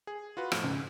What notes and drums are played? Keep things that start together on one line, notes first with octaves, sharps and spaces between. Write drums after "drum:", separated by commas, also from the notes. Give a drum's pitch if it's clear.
G#4
F4 F#4 B4
F2 A2 F3, drum: rim click
G#2 C#3